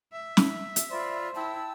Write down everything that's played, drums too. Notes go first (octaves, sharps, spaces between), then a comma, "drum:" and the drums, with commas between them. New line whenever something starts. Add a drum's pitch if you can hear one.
E5
drum: snare
drum: hi-hat
F4 C5 D5 B5
E4 G5 A5 E6